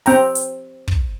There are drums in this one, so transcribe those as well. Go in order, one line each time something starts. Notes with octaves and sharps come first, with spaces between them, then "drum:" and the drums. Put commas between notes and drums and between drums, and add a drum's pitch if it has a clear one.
C4 G5 A#5, drum: open hi-hat
drum: hi-hat
drum: kick